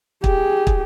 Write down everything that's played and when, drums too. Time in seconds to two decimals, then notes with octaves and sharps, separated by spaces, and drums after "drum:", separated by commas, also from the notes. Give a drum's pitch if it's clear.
0.24 G4 G#4, drum: kick
0.67 drum: kick